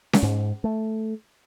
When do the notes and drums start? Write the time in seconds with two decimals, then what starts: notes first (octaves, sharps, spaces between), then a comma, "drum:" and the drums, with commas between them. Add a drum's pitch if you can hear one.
0.13 drum: snare C#4
0.23 G#2
0.64 A3